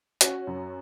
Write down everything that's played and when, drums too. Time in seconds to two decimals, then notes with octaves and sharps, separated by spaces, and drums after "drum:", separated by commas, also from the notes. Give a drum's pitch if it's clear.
0.21 C#4 F#4, drum: hi-hat
0.47 F#2